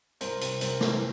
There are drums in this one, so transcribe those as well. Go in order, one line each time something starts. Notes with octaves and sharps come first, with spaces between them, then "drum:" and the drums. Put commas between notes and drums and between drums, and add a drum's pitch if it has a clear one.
C2 A#4 C5, drum: hi-hat
C3, drum: hi-hat
C2 A#4 C5, drum: hi-hat
E3, drum: snare